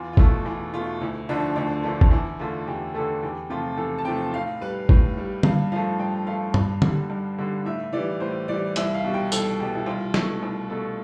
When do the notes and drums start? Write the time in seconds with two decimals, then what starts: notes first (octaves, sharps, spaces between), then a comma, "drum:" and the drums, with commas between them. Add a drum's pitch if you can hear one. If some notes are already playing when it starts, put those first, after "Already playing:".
Already playing: E2 F4
0.13 F4
0.17 B2 A3 E4, drum: kick G1
0.45 E2 E4
0.73 B2 A3 F4
1.01 D2 E4
1.29 D3 F3 A3 D4
1.56 D2 D4
1.83 D3 F3 A3 D4
2.01 drum: kick G1
2.11 E2 E4
2.39 D3 A3 F4
2.67 E2 G4
2.94 D3 A3 A4
3.23 E2 G4
3.50 C3 F3 A3 F4
3.77 E2 A4
3.98 A5
4.05 C3 F3 A3 G5
4.33 A2 F5
4.61 G3 B4
4.89 A2, drum: kick G1
5.17 G3
5.43 G2 F5, drum: tom D3
5.72 F3 A3 F5
5.99 G2 G5
6.27 F3 A3 F5
6.54 G2, drum: tom G2
6.82 D3 G3, drum: tom D3
7.10 G2
7.38 D3 G3
7.65 A2 E5
7.93 E3 G3 D5
8.20 A2 C5
8.48 E3 G3 D5
8.76 C2 E5, drum: hi-hat
8.94 F5
9.04 B2 G3
9.14 G5
9.32 C2 A4, drum: tambourine
9.60 B2 G3 G4
9.76 E4
9.86 C2 F4
10.14 B2 A3 E4, drum: snare
10.43 C2
10.69 B2 A3 A4